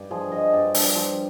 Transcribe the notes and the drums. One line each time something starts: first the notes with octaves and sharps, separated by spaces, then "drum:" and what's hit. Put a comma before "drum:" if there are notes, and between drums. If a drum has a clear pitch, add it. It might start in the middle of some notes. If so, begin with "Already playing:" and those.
Already playing: G2
F3 G#4
F3 D#5
G2 D5
G2, drum: open hi-hat
F3